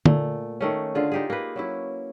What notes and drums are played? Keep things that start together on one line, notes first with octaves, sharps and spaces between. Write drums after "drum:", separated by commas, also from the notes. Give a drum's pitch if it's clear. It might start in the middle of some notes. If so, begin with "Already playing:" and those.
A#2 A3, drum: tom D3
D#3 A3 C#4
D3 F4 G#4
D#4 G4 G#4
A#3 B4
F#3 C#4 E4